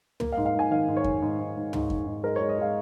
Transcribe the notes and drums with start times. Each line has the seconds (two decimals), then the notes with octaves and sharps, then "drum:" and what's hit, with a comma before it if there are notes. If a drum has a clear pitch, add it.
0.20 A#3, drum: tom
0.32 F5
0.37 G#2
0.46 F5
0.54 G#2 G#5
0.71 D#3 F5
0.88 G#2
0.97 C#5
1.04 G#2, drum: kick F2
1.22 G#2
1.39 G#2
1.56 G#2
1.73 G#2, drum: tom
1.90 G#2, drum: kick F2
2.07 G#2
2.23 G#3 A#4
2.36 G#3 C#5
2.49 D#5
2.58 G#3 F5